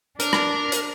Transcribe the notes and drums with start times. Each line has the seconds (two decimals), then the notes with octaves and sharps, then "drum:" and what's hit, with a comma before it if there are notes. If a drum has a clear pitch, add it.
0.20 D4 A#4, drum: hi-hat
0.33 drum: rim click
0.72 drum: hi-hat